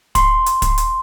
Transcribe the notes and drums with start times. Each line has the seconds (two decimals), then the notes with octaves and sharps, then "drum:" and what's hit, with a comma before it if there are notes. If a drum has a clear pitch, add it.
0.15 C6, drum: kick, hi-hat
0.46 drum: hi-hat
0.62 drum: kick, hi-hat
0.78 drum: hi-hat